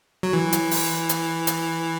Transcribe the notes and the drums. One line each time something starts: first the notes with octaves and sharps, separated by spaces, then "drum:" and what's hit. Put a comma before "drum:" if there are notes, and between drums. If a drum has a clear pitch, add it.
F#3
E3
drum: hi-hat
drum: open hi-hat
drum: hi-hat
drum: hi-hat